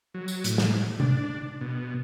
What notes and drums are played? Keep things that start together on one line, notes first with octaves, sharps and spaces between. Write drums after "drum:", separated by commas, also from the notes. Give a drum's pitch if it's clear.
F#3
drum: tambourine
A2, drum: hi-hat
drum: snare
D4, drum: tom C3
B2